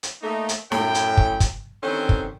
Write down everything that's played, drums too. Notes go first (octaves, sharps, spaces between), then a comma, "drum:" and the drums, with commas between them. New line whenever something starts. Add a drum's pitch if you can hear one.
drum: hi-hat
A3 A#3 D#4
drum: hi-hat
F#2 A2 G5, drum: snare
drum: hi-hat
drum: kick
drum: kick, hi-hat
D3 D#3 C4 C#4 G4 C5
drum: kick